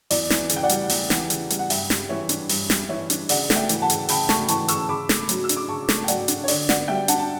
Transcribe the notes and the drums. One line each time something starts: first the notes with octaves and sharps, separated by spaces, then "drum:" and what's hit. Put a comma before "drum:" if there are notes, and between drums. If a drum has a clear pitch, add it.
E2 D5, drum: open hi-hat
E3, drum: snare
C#3, drum: hi-hat
G5
D5 F#5
G3, drum: hi-hat
E2, drum: open hi-hat
E3, drum: snare
C#3, drum: hi-hat
G3, drum: hi-hat
F#5
G2 E5 G5, drum: open hi-hat
G3, drum: snare
E3 C#5 E5
D4, drum: hi-hat
G2, drum: open hi-hat
G3, drum: snare
E3 C#5 E5
D4, drum: hi-hat
C#3 D5 F#5, drum: open hi-hat
A3, drum: snare
E5 G5
E3, drum: hi-hat
F#5 A5
C#3, drum: hi-hat
C#3 G5 B5, drum: open hi-hat
A3 A5 C#6, drum: snare
E3 A5 C#6, drum: hi-hat
C#3 C#6 E6, drum: hi-hat
C#3 B5 D6
A3, drum: snare
F#3, drum: hi-hat
E6
D4, drum: hi-hat
D6
C#3 A5 C#6
A3, drum: snare
G5
F#3 D5 F#5, drum: hi-hat
D4, drum: hi-hat
C#5
D3 D5, drum: open hi-hat
B3 D5 F#5, drum: snare
G3 E5 G5
D4 F#5 A5, drum: hi-hat
A5